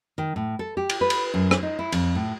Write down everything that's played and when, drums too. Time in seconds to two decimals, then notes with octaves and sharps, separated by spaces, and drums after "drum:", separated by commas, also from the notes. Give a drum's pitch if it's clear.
0.18 D#3
0.36 A2
0.59 A4
0.77 G4
0.90 drum: cymbal
1.01 B4
1.10 drum: cymbal
1.34 F#2
1.51 drum: rim click
1.63 D#4
1.79 E4
1.92 F2, drum: cymbal
2.15 A2